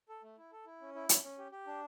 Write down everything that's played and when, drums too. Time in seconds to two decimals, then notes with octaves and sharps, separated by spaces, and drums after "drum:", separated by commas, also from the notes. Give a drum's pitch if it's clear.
0.09 A4
0.23 A3
0.38 E4
0.52 A4
0.66 E4
0.81 C#4
0.95 E4
1.09 C#4, drum: hi-hat
1.23 C#4
1.38 G4
1.52 G4
1.67 D4